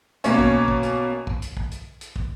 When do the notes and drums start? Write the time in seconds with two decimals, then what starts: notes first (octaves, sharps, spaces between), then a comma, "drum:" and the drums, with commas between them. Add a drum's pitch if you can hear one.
0.24 B2 A#3 C#4 C#5, drum: hi-hat
0.39 drum: kick
0.68 drum: kick
0.83 drum: hi-hat
1.27 drum: kick
1.42 drum: hi-hat
1.57 drum: kick
1.71 drum: hi-hat
2.01 drum: hi-hat
2.16 drum: kick